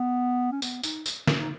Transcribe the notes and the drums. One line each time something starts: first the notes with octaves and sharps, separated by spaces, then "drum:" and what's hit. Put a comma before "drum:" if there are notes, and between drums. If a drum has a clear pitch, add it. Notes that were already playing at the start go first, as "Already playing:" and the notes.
Already playing: B3
C#4
B3, drum: tambourine
D#4, drum: tambourine
drum: tambourine
C#4, drum: snare
D#4